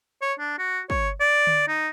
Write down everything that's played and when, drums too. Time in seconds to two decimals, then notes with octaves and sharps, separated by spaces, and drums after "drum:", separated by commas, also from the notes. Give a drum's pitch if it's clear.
0.22 C#5
0.40 D4
0.59 F#4
0.90 C#5, drum: kick
1.20 D5
1.47 drum: tom D3
1.68 D#4